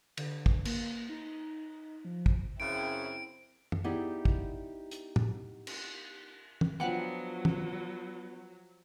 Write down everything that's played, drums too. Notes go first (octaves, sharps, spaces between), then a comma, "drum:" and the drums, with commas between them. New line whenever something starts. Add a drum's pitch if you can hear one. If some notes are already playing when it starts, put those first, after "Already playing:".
D3, drum: cymbal
drum: kick
A#3, drum: cymbal
D#4
F3
drum: kick
F#2 C#3 C4 E4 D7
drum: tom
B3 D#4 E4 G4 G#4 D5
drum: kick
drum: hi-hat
drum: tom
drum: cymbal
drum: tom
F3 F#3 B3 D4 F#5 G5 D6
drum: tom